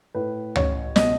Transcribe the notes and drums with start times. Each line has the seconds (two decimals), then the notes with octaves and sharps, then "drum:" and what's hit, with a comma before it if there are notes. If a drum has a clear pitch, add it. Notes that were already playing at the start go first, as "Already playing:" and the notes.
0.15 A2 B4
0.56 A1 C#5, drum: tom C#2
0.96 B2 D#5, drum: snare